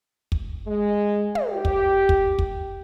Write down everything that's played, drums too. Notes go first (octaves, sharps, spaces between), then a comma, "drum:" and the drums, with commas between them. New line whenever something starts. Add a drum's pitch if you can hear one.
drum: kick
G#3
drum: tom
G4
drum: kick
drum: kick
drum: kick